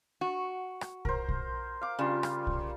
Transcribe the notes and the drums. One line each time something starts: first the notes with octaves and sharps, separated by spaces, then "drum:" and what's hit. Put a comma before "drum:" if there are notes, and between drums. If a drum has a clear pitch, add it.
F#4
drum: rim click
A#4 C5, drum: kick
drum: kick
F5 D6
C#3 G3 F4
drum: rim click
drum: kick